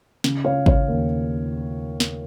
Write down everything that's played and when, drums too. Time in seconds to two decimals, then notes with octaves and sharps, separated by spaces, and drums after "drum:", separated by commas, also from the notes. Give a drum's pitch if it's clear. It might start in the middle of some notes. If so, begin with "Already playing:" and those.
0.24 C#3, drum: snare
0.45 C#3 C#5 F5
0.66 C#3 C#5 F5, drum: kick
0.88 D#2
2.00 drum: snare